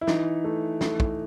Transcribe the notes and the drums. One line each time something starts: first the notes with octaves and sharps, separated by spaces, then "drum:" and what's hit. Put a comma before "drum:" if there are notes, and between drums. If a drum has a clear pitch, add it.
E4
E3 D#4, drum: snare
A3
A3, drum: snare
drum: kick